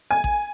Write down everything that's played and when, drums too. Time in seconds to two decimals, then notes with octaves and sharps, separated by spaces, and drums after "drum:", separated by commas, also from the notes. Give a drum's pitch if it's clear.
0.11 G#5
0.24 drum: kick A1